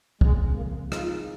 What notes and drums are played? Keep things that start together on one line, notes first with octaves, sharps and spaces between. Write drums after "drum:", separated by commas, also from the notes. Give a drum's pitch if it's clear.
C#3 F3 G#3 C4, drum: kick
A#3
A#3
G#3 D#4 F4 G#4 D#5, drum: rim click